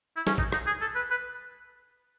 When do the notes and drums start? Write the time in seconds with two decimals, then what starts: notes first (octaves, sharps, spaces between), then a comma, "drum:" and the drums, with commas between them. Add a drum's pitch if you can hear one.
0.16 E4
0.27 C#4, drum: snare
0.38 D#4, drum: kick G#1
0.52 D#4, drum: rim click
0.67 G#4
0.81 A4
0.95 B4
1.10 B4